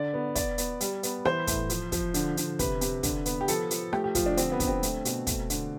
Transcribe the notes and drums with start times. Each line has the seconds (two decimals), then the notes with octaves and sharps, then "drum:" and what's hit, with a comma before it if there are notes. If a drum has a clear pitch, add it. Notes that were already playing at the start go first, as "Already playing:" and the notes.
Already playing: D3 D5
0.14 B3
0.35 B3 D5, drum: kick, hi-hat
0.58 B3, drum: hi-hat
0.81 G3, drum: hi-hat
1.03 B3, drum: hi-hat
1.25 E3 C5, drum: rim click
1.47 A2, drum: kick, hi-hat
1.70 F3, drum: hi-hat
1.92 F3, drum: kick, hi-hat
2.14 D3, drum: hi-hat
2.37 D3, drum: hi-hat
2.59 C3 B4, drum: kick, hi-hat
2.81 C3, drum: hi-hat
3.03 D3, drum: kick, hi-hat
3.26 B3, drum: hi-hat
3.41 G4
3.48 F3 A4, drum: hi-hat
3.71 F3, drum: hi-hat
3.93 A3 G4, drum: rim click
4.04 G4
4.15 F3 F4, drum: kick, hi-hat
4.26 D4
4.37 D3 C4, drum: hi-hat
4.52 B3
4.60 D3, drum: kick, hi-hat
4.67 C4
4.83 A3, drum: hi-hat
5.05 B2, drum: hi-hat
5.27 A3, drum: kick, hi-hat
5.50 D3, drum: hi-hat